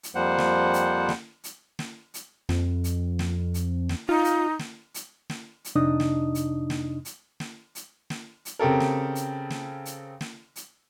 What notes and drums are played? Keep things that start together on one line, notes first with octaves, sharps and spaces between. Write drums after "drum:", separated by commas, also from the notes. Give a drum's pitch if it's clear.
drum: hi-hat
F2 F3 G3 A#3 C5 F#5
drum: snare
drum: hi-hat
drum: snare
drum: hi-hat
drum: snare
drum: hi-hat
F2, drum: snare
drum: hi-hat
drum: snare
drum: hi-hat
drum: snare
D#4 F4
drum: hi-hat
drum: snare
drum: hi-hat
drum: snare
drum: hi-hat
F2 C3 D4 D#4 D#5 D#6
drum: snare
drum: hi-hat
drum: snare
drum: hi-hat
drum: snare
drum: hi-hat
drum: snare
drum: hi-hat
C#3 C4 G4 A4 A#4
drum: snare
drum: hi-hat
drum: snare
drum: hi-hat
drum: snare
drum: hi-hat